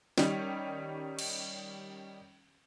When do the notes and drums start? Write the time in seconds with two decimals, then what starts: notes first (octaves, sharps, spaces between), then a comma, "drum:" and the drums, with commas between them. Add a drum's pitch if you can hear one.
0.18 D#3 G3 C#4 D#4, drum: snare
1.19 drum: cymbal